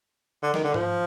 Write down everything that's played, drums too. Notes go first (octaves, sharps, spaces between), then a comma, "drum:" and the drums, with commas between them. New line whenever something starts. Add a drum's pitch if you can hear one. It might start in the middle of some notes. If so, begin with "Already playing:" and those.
D3
D#3, drum: snare
D3
F3, drum: tom G#2